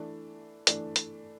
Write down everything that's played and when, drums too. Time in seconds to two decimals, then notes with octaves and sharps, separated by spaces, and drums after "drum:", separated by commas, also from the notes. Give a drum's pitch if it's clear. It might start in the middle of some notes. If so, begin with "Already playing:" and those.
Already playing: E3 A3 D4
0.67 E3 A3 D4, drum: hi-hat
0.96 drum: hi-hat